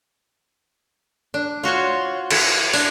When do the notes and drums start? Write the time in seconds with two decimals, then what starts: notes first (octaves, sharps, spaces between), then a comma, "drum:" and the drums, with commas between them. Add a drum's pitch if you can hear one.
1.34 D4
1.63 F4 F#4 C5 C#5
2.31 E4 A4 B4, drum: cymbal
2.73 D4, drum: open hi-hat